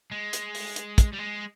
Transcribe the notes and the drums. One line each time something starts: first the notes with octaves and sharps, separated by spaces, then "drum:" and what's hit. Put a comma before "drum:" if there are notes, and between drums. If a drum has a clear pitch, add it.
G#3
drum: hi-hat
drum: open hi-hat
drum: hi-hat
drum: kick, hi-hat
G3
G#3